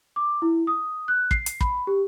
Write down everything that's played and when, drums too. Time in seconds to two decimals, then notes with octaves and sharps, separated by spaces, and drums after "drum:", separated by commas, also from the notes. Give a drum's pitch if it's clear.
0.16 D6
0.42 E4
0.67 D#6
1.08 F#6
1.31 C7, drum: kick
1.46 drum: hi-hat
1.61 B5, drum: kick
1.87 G4